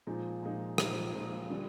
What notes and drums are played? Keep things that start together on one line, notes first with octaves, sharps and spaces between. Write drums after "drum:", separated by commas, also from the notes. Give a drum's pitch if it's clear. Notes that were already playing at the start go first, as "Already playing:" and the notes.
A#2 F3 G#3 D#4
A#2 F3 G#3 D#4
A#2 F3 G#3 D#4, drum: rim click
A#2 F3 G#3 D#4
D3 G3 D4 F4